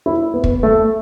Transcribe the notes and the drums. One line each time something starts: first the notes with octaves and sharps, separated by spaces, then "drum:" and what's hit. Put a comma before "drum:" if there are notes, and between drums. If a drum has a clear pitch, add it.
E4
B3
drum: kick
A3